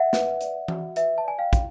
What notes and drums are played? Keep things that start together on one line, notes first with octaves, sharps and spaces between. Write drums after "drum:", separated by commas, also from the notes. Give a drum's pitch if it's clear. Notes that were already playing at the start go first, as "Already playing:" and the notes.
Already playing: E5 F#5
B4, drum: snare
D5, drum: hi-hat
F#4, drum: tom E3
B4 E5, drum: hi-hat
A5
D5 G#5
F5 G5
E4, drum: kick, hi-hat